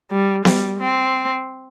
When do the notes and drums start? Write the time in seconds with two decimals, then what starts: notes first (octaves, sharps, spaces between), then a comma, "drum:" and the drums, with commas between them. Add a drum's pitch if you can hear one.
0.11 G3
0.45 G3, drum: snare B3
0.80 C4